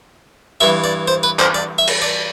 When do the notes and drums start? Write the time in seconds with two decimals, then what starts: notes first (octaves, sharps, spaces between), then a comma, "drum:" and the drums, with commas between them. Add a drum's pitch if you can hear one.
0.61 G2 E3 E5
0.84 D5
1.08 C5
1.23 B4
1.39 C5, drum: clap
1.54 D5
1.78 E5
1.87 drum: cymbal
2.02 D5